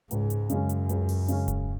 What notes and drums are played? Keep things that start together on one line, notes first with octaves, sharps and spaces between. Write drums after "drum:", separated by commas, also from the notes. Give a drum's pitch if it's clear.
C#2 G#2, drum: hi-hat
drum: hi-hat
F#2 C#3 G#3 C#4, drum: hi-hat
drum: hi-hat
C#2, drum: hi-hat
drum: open hi-hat
C#3 G#3 C#4, drum: hi-hat
drum: kick D#1, hi-hat